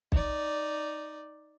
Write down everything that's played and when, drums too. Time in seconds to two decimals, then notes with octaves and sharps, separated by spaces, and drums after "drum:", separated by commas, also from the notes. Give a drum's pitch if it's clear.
0.12 D#4 D5, drum: kick B1